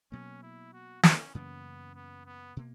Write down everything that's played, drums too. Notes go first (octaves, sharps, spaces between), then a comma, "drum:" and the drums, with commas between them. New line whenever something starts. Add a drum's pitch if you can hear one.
B2 F#3 A#3 C#4
E4
F#4
C#4, drum: snare
F#2 C#3 E3 A#3 B3
B3
B3
B2 A#3